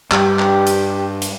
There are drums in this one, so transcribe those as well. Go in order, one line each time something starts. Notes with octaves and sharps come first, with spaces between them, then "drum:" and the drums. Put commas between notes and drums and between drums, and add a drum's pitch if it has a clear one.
G2 G4, drum: clap
drum: clap
drum: hi-hat
drum: hi-hat